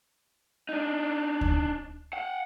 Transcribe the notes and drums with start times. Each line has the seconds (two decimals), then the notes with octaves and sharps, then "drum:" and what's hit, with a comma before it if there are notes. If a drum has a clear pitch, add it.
0.69 D4 D#4
1.41 drum: kick D2
2.13 F5 F#5